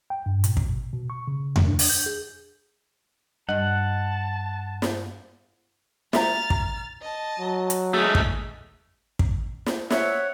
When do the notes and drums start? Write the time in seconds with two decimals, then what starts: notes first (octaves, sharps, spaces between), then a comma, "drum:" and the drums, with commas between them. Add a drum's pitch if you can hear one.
0.10 G5
0.26 G2
0.44 A#2, drum: hi-hat
0.57 B2, drum: kick
0.93 B2
1.10 C#6
1.27 C#3
1.56 A3, drum: tom E2
1.68 D4
1.79 drum: open hi-hat
1.90 G6
2.06 G#4
3.49 G2 D#5 F#5 A5
4.82 drum: snare
6.13 E5 A#5 F6 A6, drum: snare
6.50 A#5, drum: kick
7.02 D#5 A5
7.39 F#3
7.70 drum: hi-hat
7.94 G#3 A3 G#4 B6
8.15 drum: kick
9.19 drum: kick
9.66 drum: snare
9.90 C5 C#5 E5 F#5, drum: snare